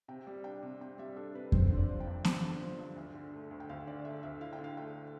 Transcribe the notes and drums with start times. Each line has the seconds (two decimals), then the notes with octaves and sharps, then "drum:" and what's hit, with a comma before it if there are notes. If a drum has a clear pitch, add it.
0.08 C3 G5
0.27 G3
0.44 D4 G5
0.63 C3
0.81 C3 G5
0.98 G3 E5
1.16 D4 A4
1.35 C3 B4
1.52 C4 C5, drum: kick F2
1.67 D3 C5
1.77 D5
1.89 F3
2.00 G5
2.07 G2
2.25 C4, drum: snare B3
2.43 D3
2.61 F3
2.78 G2
2.96 D2
3.15 D3
3.33 A3
3.51 D2
3.60 G5
3.69 D2 F5
3.87 D3 D5
4.05 A3 E5
4.23 D2 E5
4.41 E4 F5
4.53 G5
4.59 D3
4.64 F5
4.77 A3 G5